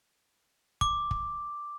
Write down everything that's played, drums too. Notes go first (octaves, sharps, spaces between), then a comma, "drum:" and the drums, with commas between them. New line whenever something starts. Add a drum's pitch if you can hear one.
D6, drum: kick
drum: kick